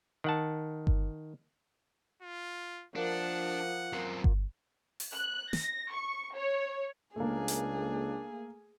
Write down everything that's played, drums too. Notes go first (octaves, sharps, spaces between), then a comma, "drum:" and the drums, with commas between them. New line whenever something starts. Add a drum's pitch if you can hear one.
D#3 F#5 A5
drum: kick G1
F4
F3 A#3 D4 F#5
F#2 A#3 C4 F4
drum: kick G1
drum: open hi-hat
F#6
A#6, drum: snare
C#6
C#5
C#2 A3 A#3 D4 G#4
drum: hi-hat